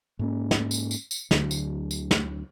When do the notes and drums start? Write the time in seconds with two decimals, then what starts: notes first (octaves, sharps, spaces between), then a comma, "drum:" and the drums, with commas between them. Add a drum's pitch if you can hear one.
0.19 G#2 A#3 C#4
0.51 drum: snare
0.71 drum: tambourine
0.91 drum: tambourine
1.11 drum: tambourine
1.31 D2 D3 F#3, drum: snare
1.51 drum: tambourine
1.91 drum: tambourine
2.11 drum: snare